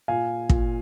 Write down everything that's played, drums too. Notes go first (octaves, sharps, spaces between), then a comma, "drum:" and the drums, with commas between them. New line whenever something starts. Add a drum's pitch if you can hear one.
A#2 F5 G#5
A#2, drum: kick